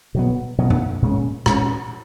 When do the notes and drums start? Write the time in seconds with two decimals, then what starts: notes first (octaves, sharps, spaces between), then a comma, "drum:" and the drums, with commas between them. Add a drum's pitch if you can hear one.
0.14 B2 F#3 B3
0.58 B2 F#3 B3
0.70 drum: tom F#2
1.02 A#2 G#3 C#4
1.46 A#2 G#3 C#4, drum: rim click